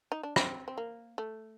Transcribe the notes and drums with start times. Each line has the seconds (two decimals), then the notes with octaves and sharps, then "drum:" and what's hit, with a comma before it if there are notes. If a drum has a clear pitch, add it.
0.12 D#4
0.23 D4
0.36 C4, drum: rim click
0.68 C4
0.78 A#3
1.18 A3